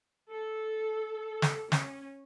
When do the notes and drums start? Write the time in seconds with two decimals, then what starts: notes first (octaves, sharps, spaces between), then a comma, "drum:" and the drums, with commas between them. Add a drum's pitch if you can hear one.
0.31 A4
1.42 drum: snare
1.72 C#4, drum: snare